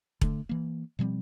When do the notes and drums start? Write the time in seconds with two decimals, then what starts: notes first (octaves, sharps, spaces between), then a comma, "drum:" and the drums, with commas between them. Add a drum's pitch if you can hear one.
0.21 D3 A3, drum: kick E1
0.49 E3 A#3
0.99 B2 F3 G3 C4